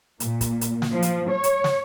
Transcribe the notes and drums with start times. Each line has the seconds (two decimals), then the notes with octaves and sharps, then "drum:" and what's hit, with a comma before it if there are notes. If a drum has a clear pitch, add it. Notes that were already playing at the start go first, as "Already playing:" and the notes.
0.20 A#2, drum: hi-hat
0.41 drum: kick, hi-hat
0.61 drum: hi-hat
0.82 drum: snare
0.93 F3
1.02 drum: hi-hat
1.31 C#5
1.44 drum: hi-hat
1.64 drum: snare